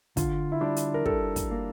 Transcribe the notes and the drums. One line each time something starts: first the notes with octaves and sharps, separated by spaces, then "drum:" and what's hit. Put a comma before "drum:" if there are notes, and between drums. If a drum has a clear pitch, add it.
D3 F4, drum: kick, hi-hat
E4
G3 D4
drum: hi-hat
A#4
G3 A4, drum: kick
drum: kick, hi-hat
A#3